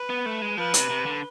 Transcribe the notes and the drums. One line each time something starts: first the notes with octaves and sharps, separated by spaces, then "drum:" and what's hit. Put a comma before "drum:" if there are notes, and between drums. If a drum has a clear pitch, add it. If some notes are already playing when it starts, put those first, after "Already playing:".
Already playing: B4
B3
A3
G#3
F3 B4
C3, drum: hi-hat
C3
D3